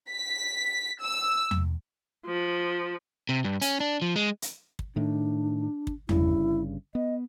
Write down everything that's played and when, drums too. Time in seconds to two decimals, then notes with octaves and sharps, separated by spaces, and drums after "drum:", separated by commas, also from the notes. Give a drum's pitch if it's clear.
0.10 B6
1.01 E6
1.51 drum: tom E2
2.26 F3
3.29 C3
3.44 G2
3.62 C#4, drum: hi-hat
3.80 D4
4.02 F3
4.16 G#3
4.42 drum: hi-hat
4.79 drum: kick
4.96 A2 D#3 D4
5.87 drum: kick
6.09 G1 G2 C#3 E4, drum: tom E2
6.95 B3 D#5